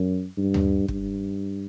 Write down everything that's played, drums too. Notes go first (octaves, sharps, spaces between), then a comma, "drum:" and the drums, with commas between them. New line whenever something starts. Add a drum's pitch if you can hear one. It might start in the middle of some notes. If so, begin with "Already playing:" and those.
Already playing: F#2
G2
drum: tom D#2
G2, drum: kick